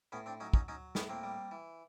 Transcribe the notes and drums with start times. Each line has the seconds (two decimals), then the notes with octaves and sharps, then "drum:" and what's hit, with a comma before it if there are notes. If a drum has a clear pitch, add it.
0.12 A2 B3 C#4
0.26 C4 D4
0.40 F#3 C#4 D#4
0.53 C#4 D#4, drum: kick
0.68 F#3 C#4 D#4
0.95 A2 B3 C#4, drum: snare
1.10 A#3 C4
1.23 G3
1.51 E3